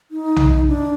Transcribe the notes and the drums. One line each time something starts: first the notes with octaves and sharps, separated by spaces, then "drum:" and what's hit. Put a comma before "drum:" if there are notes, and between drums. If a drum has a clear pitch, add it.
D#4
drum: tom B1
D4